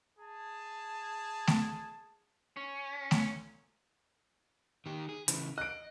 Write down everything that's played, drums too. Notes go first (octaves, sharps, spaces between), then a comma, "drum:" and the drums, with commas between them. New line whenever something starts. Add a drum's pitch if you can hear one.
G#4 A5
drum: snare A3
C#4
drum: snare A3
D#3 G4
G#4
C#3 E3, drum: hi-hat
D#5 F#6 D7